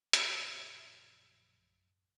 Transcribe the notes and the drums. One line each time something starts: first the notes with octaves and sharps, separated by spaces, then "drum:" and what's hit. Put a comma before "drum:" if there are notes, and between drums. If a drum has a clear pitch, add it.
A#1 F#2 A2 C#3, drum: hi-hat